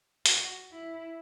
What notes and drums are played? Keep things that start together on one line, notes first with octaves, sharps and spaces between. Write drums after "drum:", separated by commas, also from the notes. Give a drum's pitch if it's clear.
F#4, drum: hi-hat
E4